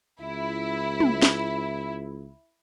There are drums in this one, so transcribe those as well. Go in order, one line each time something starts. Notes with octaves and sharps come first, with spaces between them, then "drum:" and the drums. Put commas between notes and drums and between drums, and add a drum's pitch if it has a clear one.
C#2 E4
drum: tom
drum: snare